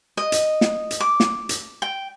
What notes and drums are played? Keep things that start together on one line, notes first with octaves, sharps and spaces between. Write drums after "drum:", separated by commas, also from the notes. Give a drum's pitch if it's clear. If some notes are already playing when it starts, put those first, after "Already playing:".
D#5
drum: hi-hat
drum: snare
drum: hi-hat
D6
drum: snare
drum: hi-hat
G5